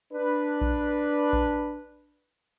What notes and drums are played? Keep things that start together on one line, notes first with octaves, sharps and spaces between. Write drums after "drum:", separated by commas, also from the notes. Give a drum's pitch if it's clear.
D4 B4
drum: kick A#1
drum: kick A#1